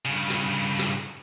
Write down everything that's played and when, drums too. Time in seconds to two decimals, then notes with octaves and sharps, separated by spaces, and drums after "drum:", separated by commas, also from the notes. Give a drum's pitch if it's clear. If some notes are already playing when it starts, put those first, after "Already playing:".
0.05 G2 C#3
0.30 drum: hi-hat
0.79 drum: hi-hat